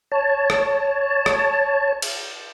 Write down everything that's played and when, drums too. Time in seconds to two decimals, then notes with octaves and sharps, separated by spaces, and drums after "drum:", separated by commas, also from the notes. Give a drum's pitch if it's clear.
0.12 C#5 A5
0.50 drum: rim click
1.26 drum: rim click
2.02 drum: cymbal